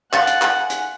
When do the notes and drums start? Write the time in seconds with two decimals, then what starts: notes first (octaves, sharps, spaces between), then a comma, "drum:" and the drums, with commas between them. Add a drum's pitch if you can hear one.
0.13 F5 F#5 G#5 C6 A6 C#7, drum: clap
0.27 drum: hi-hat
0.42 drum: clap
0.70 drum: hi-hat